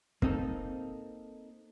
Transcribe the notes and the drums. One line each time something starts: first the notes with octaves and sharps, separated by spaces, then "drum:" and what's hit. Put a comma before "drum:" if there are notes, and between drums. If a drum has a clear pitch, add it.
A#3 C4 D#4 A4, drum: kick